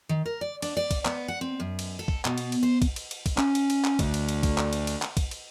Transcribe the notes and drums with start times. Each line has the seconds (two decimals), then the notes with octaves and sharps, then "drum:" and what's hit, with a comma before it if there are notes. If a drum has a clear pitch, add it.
0.09 D#3
0.26 A#4
0.41 D5
0.62 D4, drum: cymbal
0.77 D5
0.91 drum: kick, cymbal
1.05 B3, drum: clap
1.28 F#5
1.41 C4
1.60 F#2
1.79 drum: cymbal
1.99 A4
2.08 drum: kick
2.25 B2, drum: clap
2.38 drum: cymbal
2.52 drum: cymbal
2.63 C5
2.82 drum: kick, cymbal
2.96 drum: cymbal
3.11 drum: cymbal
3.26 drum: kick, cymbal
3.38 C#4, drum: clap
3.55 drum: cymbal
3.70 drum: cymbal
3.84 drum: clap
3.99 D2, drum: kick, cymbal
4.14 drum: cymbal
4.29 drum: cymbal
4.43 drum: kick, cymbal
4.58 drum: clap
4.73 drum: cymbal
4.87 drum: cymbal
5.02 drum: clap
5.17 drum: kick, cymbal
5.31 drum: cymbal